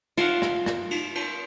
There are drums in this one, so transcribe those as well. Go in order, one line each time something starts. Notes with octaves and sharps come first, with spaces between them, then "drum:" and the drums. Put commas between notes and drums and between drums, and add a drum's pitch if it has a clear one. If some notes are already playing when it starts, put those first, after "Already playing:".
F4 C#5 F5 F#5, drum: cymbal
drum: rim click
drum: rim click
drum: cymbal
drum: cymbal